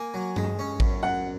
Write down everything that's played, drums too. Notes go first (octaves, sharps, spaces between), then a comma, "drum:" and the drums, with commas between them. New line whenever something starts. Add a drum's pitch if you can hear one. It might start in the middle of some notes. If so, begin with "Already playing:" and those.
Already playing: A#3 G#5
F#3
G#3, drum: tom G2
C#4
F#2, drum: kick A1
F#2 F#5